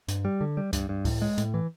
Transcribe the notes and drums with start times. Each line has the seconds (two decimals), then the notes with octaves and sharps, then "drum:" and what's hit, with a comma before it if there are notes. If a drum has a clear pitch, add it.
0.08 G2, drum: hi-hat
0.25 G3
0.41 D3
0.57 G3
0.73 G2, drum: kick C#2, hi-hat
0.89 G2
1.05 A2, drum: kick C#2, open hi-hat
1.22 G#3
1.38 A2, drum: hi-hat
1.54 E3